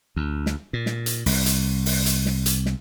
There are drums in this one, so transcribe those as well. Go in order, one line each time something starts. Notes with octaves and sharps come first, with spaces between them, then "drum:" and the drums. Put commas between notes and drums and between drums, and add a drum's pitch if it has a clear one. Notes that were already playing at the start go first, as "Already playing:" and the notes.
D2
drum: snare
A#2
drum: snare
drum: hi-hat
C2, drum: open hi-hat
drum: hi-hat
drum: open hi-hat
drum: hi-hat
drum: snare
drum: hi-hat
drum: snare